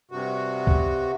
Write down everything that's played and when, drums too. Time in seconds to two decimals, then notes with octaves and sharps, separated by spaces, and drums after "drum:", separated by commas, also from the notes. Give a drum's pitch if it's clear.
0.11 G2 C3 F#4
0.67 drum: kick C#2